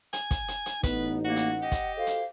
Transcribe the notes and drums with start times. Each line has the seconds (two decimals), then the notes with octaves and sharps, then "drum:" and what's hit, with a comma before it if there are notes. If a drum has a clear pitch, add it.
0.13 G#5, drum: hi-hat
0.31 drum: kick, hi-hat
0.48 drum: hi-hat
0.66 drum: hi-hat
0.83 A1 B3 D#4 B4, drum: kick, hi-hat
1.25 A#3 F#4 F#5
1.36 drum: hi-hat
1.62 G4 D#5
1.72 drum: kick, hi-hat
1.97 F#4 A4 C5 F5
2.07 drum: hi-hat